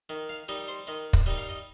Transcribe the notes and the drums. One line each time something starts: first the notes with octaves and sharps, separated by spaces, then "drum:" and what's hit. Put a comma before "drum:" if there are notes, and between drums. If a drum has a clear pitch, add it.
D#3
F5
G3 D#4 D#5
C5
D#3 D#5
drum: kick
G3 D#4 D#5
F5
D#5